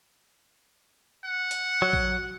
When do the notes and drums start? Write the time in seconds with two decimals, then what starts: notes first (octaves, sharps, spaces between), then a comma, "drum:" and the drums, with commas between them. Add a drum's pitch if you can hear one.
1.25 F#5
1.51 drum: hi-hat
1.82 F#3
1.93 drum: kick